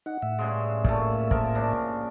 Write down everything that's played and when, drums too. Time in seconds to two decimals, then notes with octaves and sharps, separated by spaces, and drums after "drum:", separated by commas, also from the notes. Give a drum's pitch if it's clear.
0.06 D#4 F#5
0.22 A2 E5
0.39 G2 C#3 G#3
0.84 A#2 A3, drum: kick
1.31 F3 A#4, drum: kick
1.55 C#3 D4